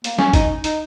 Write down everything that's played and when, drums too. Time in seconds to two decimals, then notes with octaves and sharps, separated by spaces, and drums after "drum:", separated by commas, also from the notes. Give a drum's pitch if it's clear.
0.04 A#3, drum: hi-hat
0.19 C#4, drum: snare
0.33 D#4, drum: kick, hi-hat
0.64 D#4, drum: hi-hat